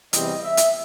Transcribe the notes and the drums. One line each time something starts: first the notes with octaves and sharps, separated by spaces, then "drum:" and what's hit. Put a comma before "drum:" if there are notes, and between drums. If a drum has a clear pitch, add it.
E2 C3 E3 G3 C4 D#5, drum: hi-hat
E5
drum: hi-hat